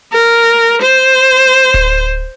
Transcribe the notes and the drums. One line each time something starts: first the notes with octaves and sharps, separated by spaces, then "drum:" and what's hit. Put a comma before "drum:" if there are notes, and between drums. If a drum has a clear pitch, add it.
A#4
C5
drum: kick D1